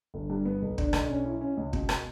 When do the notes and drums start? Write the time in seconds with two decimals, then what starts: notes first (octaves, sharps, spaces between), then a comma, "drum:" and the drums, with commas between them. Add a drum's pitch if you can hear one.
0.14 G1
0.30 G2
0.45 B3
0.62 B1
0.78 D4, drum: kick
0.93 B1, drum: rim click
1.09 C#4
1.25 E4
1.41 C#4
1.57 C#2
1.73 B2, drum: kick
1.89 drum: rim click